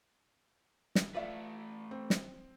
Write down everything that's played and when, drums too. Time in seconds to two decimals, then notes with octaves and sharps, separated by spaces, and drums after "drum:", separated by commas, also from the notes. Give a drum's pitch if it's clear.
0.95 drum: snare
1.15 A3 F4 B4 D5 E5
1.91 C4
2.10 drum: snare